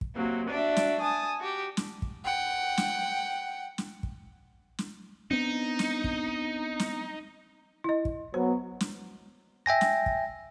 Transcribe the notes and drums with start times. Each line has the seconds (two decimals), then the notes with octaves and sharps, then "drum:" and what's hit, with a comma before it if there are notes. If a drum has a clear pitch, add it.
0.01 drum: kick
0.15 C3 F#3 A#3
0.49 D4 F#4 D5 E5
0.77 drum: snare
1.02 G#5 A5 D#6
1.39 F#4 G4
1.77 drum: snare
2.02 drum: kick
2.25 F#5 G5
2.78 drum: snare
3.78 drum: snare
4.03 drum: kick
4.78 drum: snare
5.31 B3 C4 D4 D#4
5.79 drum: snare
6.04 drum: kick
6.79 drum: snare
7.84 E4 D#5
8.05 drum: kick
8.34 F#3 B3 C5
8.80 drum: snare
9.66 E5 G5 G#5 A#6
9.81 drum: snare
10.06 drum: kick